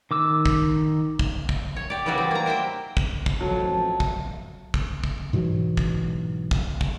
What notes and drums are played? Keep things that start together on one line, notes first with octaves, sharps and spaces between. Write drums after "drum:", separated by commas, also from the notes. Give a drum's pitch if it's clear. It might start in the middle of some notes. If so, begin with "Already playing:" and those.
D#3 D6 E6
drum: kick
drum: kick
drum: kick
C#5
G4 D5
C#3 E3 G3 F#4 D5 E5
C4
A#3 A#5
A#4 C5 E5 G5
drum: kick
drum: kick
A1 F2 F#3 A5
drum: kick
drum: kick
drum: kick
G#2 B2 E3 F#3
drum: kick
drum: kick
drum: kick